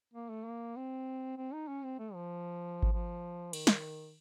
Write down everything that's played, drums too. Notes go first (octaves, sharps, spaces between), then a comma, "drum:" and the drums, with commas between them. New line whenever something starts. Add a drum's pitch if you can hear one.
A#3
A3
A#3
C4
C4
D#4
C#4
C4
A3
F3
drum: kick G#1
F3
D#3, drum: cymbal
drum: snare